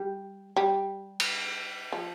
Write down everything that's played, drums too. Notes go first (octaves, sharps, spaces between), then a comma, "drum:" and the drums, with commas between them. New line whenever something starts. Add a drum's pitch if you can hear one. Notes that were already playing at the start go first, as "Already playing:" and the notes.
Already playing: G3
G3
drum: cymbal
F3